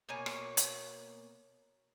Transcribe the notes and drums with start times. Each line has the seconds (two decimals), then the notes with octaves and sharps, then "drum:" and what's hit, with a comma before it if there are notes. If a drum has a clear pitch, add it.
0.09 B2 A#3 C#5 G#5
0.26 drum: rim click
0.57 drum: hi-hat